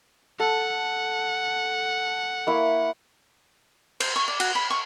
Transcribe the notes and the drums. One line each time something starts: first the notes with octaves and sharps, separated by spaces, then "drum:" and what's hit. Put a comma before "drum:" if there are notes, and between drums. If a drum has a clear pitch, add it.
A4 F#5
A#3 E4 C#6
C5, drum: cymbal
C#6
D5
F#4, drum: cymbal
B5
C#6